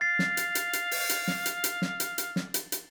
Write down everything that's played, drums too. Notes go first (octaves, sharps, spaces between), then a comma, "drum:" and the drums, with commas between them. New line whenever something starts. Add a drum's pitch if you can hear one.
F5 A6 C7
drum: snare
drum: hi-hat
drum: hi-hat
drum: hi-hat
drum: open hi-hat
drum: hi-hat
drum: snare
drum: hi-hat
drum: hi-hat
drum: snare
drum: hi-hat
drum: hi-hat
drum: snare
drum: hi-hat
drum: hi-hat